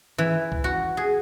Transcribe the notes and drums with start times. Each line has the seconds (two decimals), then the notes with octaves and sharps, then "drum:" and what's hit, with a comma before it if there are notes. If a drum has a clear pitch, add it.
0.18 E3
0.52 drum: kick
0.64 F#4
0.97 G#4